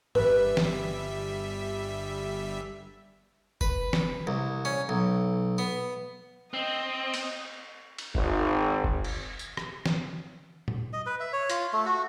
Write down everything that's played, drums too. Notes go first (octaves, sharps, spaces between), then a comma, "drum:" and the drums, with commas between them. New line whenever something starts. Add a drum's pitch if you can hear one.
G1 G3 B4 E5, drum: tom G#2
drum: snare
B4, drum: kick F#1
drum: snare
C2
C#4
B1
B3
C4 D#5
drum: cymbal
drum: cymbal
G#1, drum: kick F#1
drum: kick F#1
drum: cymbal
drum: tambourine
drum: rim click
drum: snare
drum: tom A#2
D#5
B4
E5
C#5
F4, drum: hi-hat
A3
F#4